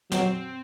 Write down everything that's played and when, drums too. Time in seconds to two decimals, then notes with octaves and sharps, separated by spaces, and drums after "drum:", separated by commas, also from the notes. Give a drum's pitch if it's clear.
0.12 F#3 C4, drum: snare